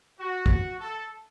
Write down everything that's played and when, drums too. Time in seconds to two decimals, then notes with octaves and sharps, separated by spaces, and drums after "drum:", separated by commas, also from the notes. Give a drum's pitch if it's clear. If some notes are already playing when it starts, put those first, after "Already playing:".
0.19 F#4
0.46 drum: kick
0.80 A4